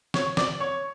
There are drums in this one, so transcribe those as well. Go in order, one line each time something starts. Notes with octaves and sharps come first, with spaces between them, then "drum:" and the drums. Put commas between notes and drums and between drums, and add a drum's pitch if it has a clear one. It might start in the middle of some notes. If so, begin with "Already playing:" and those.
C#5 C#6, drum: snare
D5 D6, drum: snare
C#5 C#6